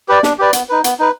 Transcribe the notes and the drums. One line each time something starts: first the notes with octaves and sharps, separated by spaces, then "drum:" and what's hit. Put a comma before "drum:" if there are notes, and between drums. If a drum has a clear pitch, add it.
G4 B4 D5
D4, drum: snare
G4 B4 D5
B3, drum: hi-hat
D#4 B4
B3, drum: hi-hat
D#4 B4